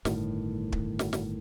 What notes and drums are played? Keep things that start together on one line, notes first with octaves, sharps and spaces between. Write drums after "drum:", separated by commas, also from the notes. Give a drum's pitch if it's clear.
G1 A2 D#3, drum: snare
drum: kick
drum: snare
drum: snare